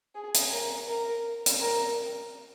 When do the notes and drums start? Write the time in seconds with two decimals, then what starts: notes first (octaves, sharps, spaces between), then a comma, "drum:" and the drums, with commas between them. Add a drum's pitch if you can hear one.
0.15 G#4
0.35 drum: hi-hat
0.52 A#4
0.88 A#4
1.46 drum: hi-hat
1.60 A#4